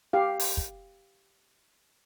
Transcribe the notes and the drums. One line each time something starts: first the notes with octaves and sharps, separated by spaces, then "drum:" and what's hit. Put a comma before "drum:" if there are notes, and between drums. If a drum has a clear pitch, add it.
G4 F5
drum: open hi-hat
drum: kick